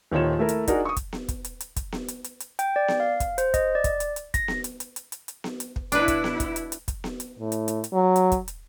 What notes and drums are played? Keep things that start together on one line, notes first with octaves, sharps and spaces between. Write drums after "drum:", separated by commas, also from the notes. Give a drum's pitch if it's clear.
D#1 D#3 F4 C#5 E7
A3 E4 A#4
drum: hi-hat
D4 D#4 F#4 G#4 A#4, drum: kick, hi-hat
C#6 D#6
drum: kick, hi-hat
drum: snare B3
drum: kick, hi-hat
drum: hi-hat
drum: hi-hat
drum: kick, hi-hat
drum: snare B3
drum: hi-hat
drum: hi-hat
drum: hi-hat
G5, drum: hi-hat
D5
drum: snare B3
F5
drum: kick, hi-hat
C5, drum: hi-hat
D#5, drum: kick, hi-hat
D5
drum: kick, hi-hat
drum: hi-hat
drum: hi-hat
A#6, drum: kick, hi-hat
drum: snare B3
drum: hi-hat
drum: hi-hat
drum: hi-hat
drum: hi-hat
drum: hi-hat
drum: snare B3
drum: hi-hat
drum: kick
B2 D4 E4 B4, drum: hi-hat
drum: kick, hi-hat
drum: snare B3
drum: kick, hi-hat
drum: hi-hat
drum: hi-hat
drum: kick, hi-hat
drum: snare B3
drum: hi-hat
A2
drum: hi-hat
drum: hi-hat
drum: hi-hat
F#3
drum: hi-hat
drum: kick, hi-hat
drum: hi-hat